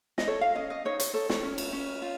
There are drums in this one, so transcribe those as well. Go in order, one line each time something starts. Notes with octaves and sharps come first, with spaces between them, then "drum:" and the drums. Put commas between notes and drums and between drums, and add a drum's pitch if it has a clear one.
D#5, drum: snare
A4 C#5
F5
C#4 D#5
D#5
D#4 C#5
C#5, drum: hi-hat
A4 C#5
C#5, drum: snare
C#4
drum: cymbal
C#4
F4